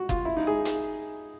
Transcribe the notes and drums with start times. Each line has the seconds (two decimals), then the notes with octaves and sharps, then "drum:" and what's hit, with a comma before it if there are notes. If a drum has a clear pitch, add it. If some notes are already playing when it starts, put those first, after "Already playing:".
Already playing: F#4
0.09 F4, drum: kick F#1
0.25 E4
0.37 D#4
0.47 G#4
0.65 drum: hi-hat